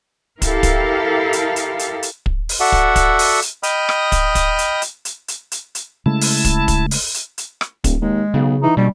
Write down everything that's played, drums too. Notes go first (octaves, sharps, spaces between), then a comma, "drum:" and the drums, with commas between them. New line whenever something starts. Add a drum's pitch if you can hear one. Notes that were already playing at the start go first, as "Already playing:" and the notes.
E4 G4 A4 A#4 F5, drum: kick, hi-hat
drum: kick, hi-hat
drum: hi-hat
drum: hi-hat
drum: hi-hat
drum: hi-hat
drum: kick
drum: open hi-hat
F#4 A4 D5 E5 F#5
drum: kick
drum: kick, hi-hat
drum: open hi-hat
drum: hi-hat
D#5 G5 B5 D#6 F6, drum: hi-hat
drum: rim click
drum: kick, hi-hat
drum: kick, hi-hat
drum: hi-hat
drum: hi-hat
drum: hi-hat
drum: hi-hat
drum: hi-hat
drum: hi-hat
C#3 G#3 A3 E4 A5
drum: open hi-hat
drum: kick, hi-hat
drum: kick, hi-hat
drum: open hi-hat
drum: hi-hat
drum: hi-hat
drum: rim click
D#1, drum: kick, hi-hat
D#2 G#3
B1 C#3
E3 D#4
A#1 B2 G3